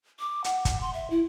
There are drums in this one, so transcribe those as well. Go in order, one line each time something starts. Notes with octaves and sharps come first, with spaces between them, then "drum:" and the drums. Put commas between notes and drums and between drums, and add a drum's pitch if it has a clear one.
D6
F#5, drum: hi-hat
drum: kick, hi-hat
C6
E5
E4